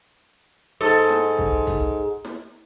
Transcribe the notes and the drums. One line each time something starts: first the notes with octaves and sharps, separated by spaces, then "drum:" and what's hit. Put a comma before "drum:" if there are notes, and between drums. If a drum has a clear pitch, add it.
G#2 A4
drum: snare
drum: kick
drum: kick, hi-hat
drum: snare